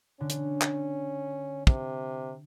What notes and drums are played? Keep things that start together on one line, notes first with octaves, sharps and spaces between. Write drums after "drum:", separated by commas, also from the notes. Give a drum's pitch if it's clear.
D3 C#4
drum: hi-hat
drum: clap
C3, drum: kick